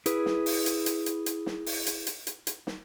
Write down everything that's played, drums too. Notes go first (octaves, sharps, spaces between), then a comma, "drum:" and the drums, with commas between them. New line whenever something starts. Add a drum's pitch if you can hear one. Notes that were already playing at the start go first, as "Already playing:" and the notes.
E4 G#4 B4, drum: hi-hat
drum: snare
drum: open hi-hat
drum: hi-hat
drum: hi-hat
drum: hi-hat
drum: hi-hat
drum: snare
drum: open hi-hat
drum: hi-hat
drum: hi-hat
drum: hi-hat
drum: hi-hat
drum: snare